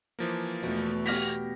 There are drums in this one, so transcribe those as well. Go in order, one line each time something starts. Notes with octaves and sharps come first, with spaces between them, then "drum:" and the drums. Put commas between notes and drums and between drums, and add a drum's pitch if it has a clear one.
E3 F3 A#3
E2 B2 A3
B3 G4 F6 A#6 B6, drum: open hi-hat